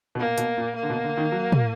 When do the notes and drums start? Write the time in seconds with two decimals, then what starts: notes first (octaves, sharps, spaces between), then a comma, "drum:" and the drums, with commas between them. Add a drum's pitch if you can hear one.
0.15 B2
0.19 A#2 A#3
0.38 B2, drum: hi-hat
0.58 A#2
0.75 A#3
0.83 D3
0.90 B2
1.04 D3
1.17 D#3
1.32 F#3
1.52 drum: tom